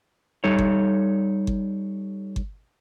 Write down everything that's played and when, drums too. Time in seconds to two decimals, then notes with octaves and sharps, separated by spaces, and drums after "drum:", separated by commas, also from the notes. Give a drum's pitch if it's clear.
0.44 G3 D#4 A4 C#5
0.59 drum: kick G1
1.47 drum: kick G1
2.36 drum: kick G1